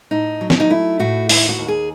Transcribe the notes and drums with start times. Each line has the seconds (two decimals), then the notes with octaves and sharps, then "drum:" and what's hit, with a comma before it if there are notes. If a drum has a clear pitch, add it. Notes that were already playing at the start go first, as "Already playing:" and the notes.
0.11 A2 D#4
0.41 F#3
0.50 C#4, drum: snare
0.60 D#4
0.70 A3 E4
0.99 A2 F#4
1.29 D#2 E4, drum: open hi-hat
1.49 F#4
1.58 D#2
1.68 G#4